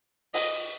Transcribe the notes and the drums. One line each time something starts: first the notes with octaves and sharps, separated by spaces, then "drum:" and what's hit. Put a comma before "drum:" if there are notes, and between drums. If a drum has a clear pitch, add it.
D#5, drum: open hi-hat